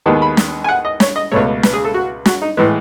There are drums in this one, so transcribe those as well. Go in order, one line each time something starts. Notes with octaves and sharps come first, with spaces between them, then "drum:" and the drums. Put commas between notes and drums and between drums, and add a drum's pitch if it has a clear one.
D#2 D#3 G#3 B3 A5
B5
drum: snare
G#5
F#5
D#5
C#5, drum: snare
D#5
C#2 B2 A3 C#5
B4, drum: snare
G#4
A4
F#4
F#4, drum: snare
D#4
A2 E3 G#3 B4